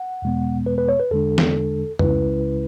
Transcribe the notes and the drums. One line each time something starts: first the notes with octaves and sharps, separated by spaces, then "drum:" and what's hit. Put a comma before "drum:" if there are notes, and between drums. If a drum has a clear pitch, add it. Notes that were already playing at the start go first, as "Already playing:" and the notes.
Already playing: F#5
E2 B2 G#3 B3
B4
B4
C#5
B4
E2 D3 G#3 D4 A4
drum: snare
C#2 C#3 G#3 C#4 E4 B4, drum: tom